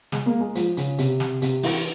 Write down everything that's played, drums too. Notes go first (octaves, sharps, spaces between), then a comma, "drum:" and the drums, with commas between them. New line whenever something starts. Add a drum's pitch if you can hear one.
G#3, drum: snare
A#3
G#3
F3, drum: hi-hat
C#3, drum: hi-hat
C3, drum: hi-hat
drum: snare
C3, drum: hi-hat
E3, drum: open hi-hat